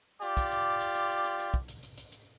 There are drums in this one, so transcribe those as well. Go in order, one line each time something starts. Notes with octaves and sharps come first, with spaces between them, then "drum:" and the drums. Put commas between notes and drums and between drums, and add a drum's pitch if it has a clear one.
F4 G4 D5, drum: hi-hat
drum: kick, hi-hat
drum: hi-hat
drum: hi-hat
drum: hi-hat
drum: hi-hat
drum: hi-hat
drum: hi-hat
drum: kick
drum: hi-hat
drum: hi-hat
drum: hi-hat
drum: hi-hat